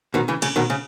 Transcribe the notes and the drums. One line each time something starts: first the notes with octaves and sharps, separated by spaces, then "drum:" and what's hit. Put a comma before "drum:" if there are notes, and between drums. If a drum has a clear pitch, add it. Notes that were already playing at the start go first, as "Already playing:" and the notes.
B2 D#3
C#3 E3
C#3, drum: cymbal
B2 D#3
C#3